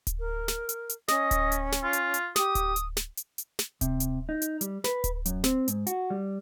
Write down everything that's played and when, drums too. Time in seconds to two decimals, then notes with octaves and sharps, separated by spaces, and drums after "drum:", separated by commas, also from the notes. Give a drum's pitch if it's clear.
0.07 drum: kick D1, hi-hat
0.19 A#4
0.48 drum: snare
0.69 drum: hi-hat
0.89 drum: hi-hat
1.08 C#4 D#5, drum: snare
1.31 drum: kick D1, hi-hat
1.52 drum: hi-hat
1.72 drum: snare
1.83 F4
1.93 drum: hi-hat
2.14 drum: hi-hat
2.36 G4 D#6, drum: snare
2.55 drum: kick D1, hi-hat
2.76 drum: hi-hat
2.97 drum: snare
3.17 drum: hi-hat
3.38 drum: hi-hat
3.59 drum: snare
3.81 C3, drum: kick D1, hi-hat
4.00 drum: hi-hat
4.29 D#4
4.42 drum: hi-hat
4.61 G3, drum: hi-hat
4.84 B4, drum: snare
5.04 drum: kick D1, hi-hat
5.26 F#2, drum: hi-hat
5.44 C4, drum: snare
5.68 G#2, drum: hi-hat
5.87 F#4, drum: hi-hat
6.10 G3